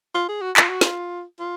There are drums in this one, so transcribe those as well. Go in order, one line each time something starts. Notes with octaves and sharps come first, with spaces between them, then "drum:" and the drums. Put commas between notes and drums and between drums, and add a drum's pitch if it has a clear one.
F4
G#4
F#4
F4, drum: clap
F#4
F4, drum: snare
F4